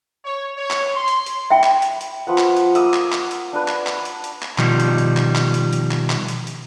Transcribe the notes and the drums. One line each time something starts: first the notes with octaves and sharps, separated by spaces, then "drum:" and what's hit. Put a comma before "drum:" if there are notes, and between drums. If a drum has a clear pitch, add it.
C#5
C#5
drum: clap
C6
drum: hi-hat
drum: hi-hat
E5 G5 B5
drum: clap
drum: hi-hat
drum: hi-hat
F3 B4 F#5
drum: clap
drum: hi-hat
A#3 D#6 E6, drum: hi-hat
drum: clap
drum: clap
drum: hi-hat
D4 B4
drum: clap
drum: clap
drum: hi-hat
drum: hi-hat
drum: clap
B2 D#3 F3 G3, drum: clap
drum: hi-hat
drum: hi-hat
drum: clap
drum: clap
drum: hi-hat
drum: hi-hat
drum: clap
drum: clap
drum: hi-hat
drum: hi-hat